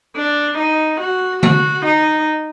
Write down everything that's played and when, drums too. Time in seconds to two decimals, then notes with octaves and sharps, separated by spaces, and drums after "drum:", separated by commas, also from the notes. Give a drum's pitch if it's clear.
0.16 D4
0.58 D#4
1.01 F#4
1.43 F#4, drum: tom D3
1.85 D#4